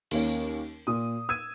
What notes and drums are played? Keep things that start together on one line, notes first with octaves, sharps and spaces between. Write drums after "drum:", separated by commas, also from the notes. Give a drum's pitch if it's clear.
D#2 A#3 C#4, drum: cymbal
A#2 D#6
E6 G#6 D#7